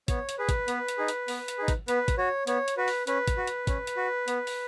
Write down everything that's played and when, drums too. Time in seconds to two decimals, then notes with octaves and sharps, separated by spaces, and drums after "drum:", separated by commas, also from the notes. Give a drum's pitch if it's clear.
0.08 B3 C#5, drum: kick, hi-hat
0.29 drum: hi-hat
0.38 G#4 B4
0.49 drum: kick, hi-hat
0.68 B3, drum: hi-hat
0.88 drum: hi-hat
0.98 D#4 G#4
1.08 drum: hi-hat
1.28 B3, drum: open hi-hat
1.48 drum: hi-hat
1.58 D#4 G#4
1.68 drum: kick, hi-hat
1.88 B3 B4, drum: hi-hat
2.08 drum: kick, hi-hat
2.18 F#4 C#5
2.47 B3 C#5, drum: hi-hat
2.68 drum: hi-hat
2.77 F#4 B4
2.88 drum: open hi-hat
3.07 C#4 B4, drum: hi-hat
3.28 drum: kick, hi-hat
3.37 F#4
3.47 drum: hi-hat
3.67 C#4, drum: kick, hi-hat
3.87 drum: hi-hat
3.97 F#4
4.28 B3, drum: hi-hat
4.47 drum: open hi-hat